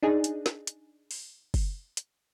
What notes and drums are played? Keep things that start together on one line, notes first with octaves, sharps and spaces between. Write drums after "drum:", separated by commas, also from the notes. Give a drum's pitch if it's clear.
D4 D#4 G#4
drum: hi-hat
drum: snare
drum: hi-hat
drum: open hi-hat
drum: kick, open hi-hat
drum: hi-hat